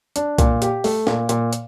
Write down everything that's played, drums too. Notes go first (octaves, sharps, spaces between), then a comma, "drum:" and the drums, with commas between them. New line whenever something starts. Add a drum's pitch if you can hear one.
D4, drum: hi-hat
A#2, drum: kick C2, hi-hat
G4, drum: hi-hat
A3, drum: open hi-hat
A#2, drum: snare
A#2, drum: hi-hat
drum: hi-hat